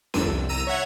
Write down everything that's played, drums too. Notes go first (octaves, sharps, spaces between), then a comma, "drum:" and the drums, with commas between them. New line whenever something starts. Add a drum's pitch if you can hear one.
G1 F2 D#3 D4 E6 D#7, drum: snare C#4
C2
C2 A#5 E6 D#7
C#5 E5 F#5 G#6